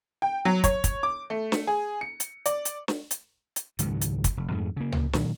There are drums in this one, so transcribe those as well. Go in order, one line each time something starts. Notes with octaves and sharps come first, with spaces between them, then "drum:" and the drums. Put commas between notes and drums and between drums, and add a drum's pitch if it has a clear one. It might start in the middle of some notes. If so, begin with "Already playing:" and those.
G5
F#3
C#5, drum: kick, hi-hat
drum: kick, hi-hat
D6
A3
drum: snare
G#4
C#7
drum: hi-hat
D5, drum: hi-hat
drum: hi-hat
drum: snare
drum: hi-hat
drum: hi-hat
C#2 G#2 D#3 F#3, drum: hi-hat
drum: hi-hat
drum: kick, hi-hat
F1
F2 G#2 G#3 A3
C#3 A#3
drum: tom C#2
A#2 D#3 F#3 G#3, drum: snare